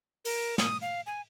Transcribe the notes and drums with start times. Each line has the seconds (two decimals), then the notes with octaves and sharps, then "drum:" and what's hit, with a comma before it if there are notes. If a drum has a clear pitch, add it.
0.25 A#4, drum: open hi-hat
0.58 D#6, drum: snare
0.82 F5
1.06 G#5